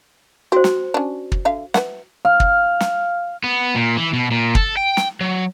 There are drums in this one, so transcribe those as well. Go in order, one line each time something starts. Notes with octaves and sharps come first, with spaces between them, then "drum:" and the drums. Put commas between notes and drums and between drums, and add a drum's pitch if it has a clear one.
C4 F#4 C5
drum: snare
C#4 D4
drum: kick
D3 E5 F5
B4 E5 F#5, drum: snare
F5
drum: kick
drum: snare
B3
A#2
E3
B2
A#2
A4, drum: kick
G5
drum: snare
F#3